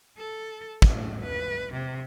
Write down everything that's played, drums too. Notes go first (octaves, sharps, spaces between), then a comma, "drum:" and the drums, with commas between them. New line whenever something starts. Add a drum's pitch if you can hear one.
A4
A2, drum: kick
B4
C3